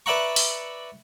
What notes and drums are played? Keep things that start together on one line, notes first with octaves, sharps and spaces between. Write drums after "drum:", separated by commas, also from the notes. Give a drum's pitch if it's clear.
B4 D5 E5 F#5 A#5 C#6
drum: open hi-hat